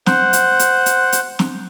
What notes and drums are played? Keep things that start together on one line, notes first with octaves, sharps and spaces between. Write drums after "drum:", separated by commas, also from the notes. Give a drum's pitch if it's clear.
C5 F#5, drum: snare
drum: hi-hat
drum: hi-hat
drum: hi-hat
drum: hi-hat
drum: snare